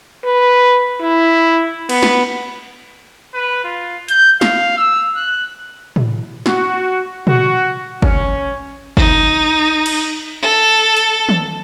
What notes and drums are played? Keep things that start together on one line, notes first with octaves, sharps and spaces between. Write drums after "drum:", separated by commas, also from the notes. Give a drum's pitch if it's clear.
B4
E4
B3, drum: cymbal
drum: snare
B4
F4
G6, drum: hi-hat
F5, drum: snare
E6
F#6
drum: tom A2
F#4, drum: snare
F#4, drum: tom A#2
C#4, drum: kick G1
D#4, drum: kick G1
drum: cymbal
A4
drum: hi-hat
drum: tom